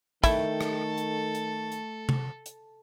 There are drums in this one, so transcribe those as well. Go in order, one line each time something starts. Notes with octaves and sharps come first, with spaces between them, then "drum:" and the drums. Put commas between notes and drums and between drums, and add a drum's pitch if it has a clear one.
D#3 A3 E4 A4 G5, drum: kick, hi-hat
drum: rim click
drum: hi-hat
drum: hi-hat
drum: hi-hat
drum: tom
drum: hi-hat